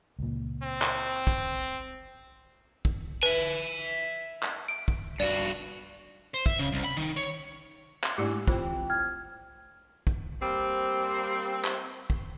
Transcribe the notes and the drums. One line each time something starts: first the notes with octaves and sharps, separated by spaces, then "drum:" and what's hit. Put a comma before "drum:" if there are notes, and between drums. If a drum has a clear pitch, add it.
C#2 A#2
C4
drum: clap
drum: kick
drum: kick
B4 E5 G#5
drum: clap
D7
drum: kick
G2 F#4 D5
C5
E5, drum: kick
C#3
C2
B5
D#3
C#5
drum: clap
G#2 A3 D4 E4 G4 D5 D6 E6
E3 C4 F4 C5, drum: kick
G5 F6 G#6
drum: kick
G3 A#3 C4
drum: clap
drum: kick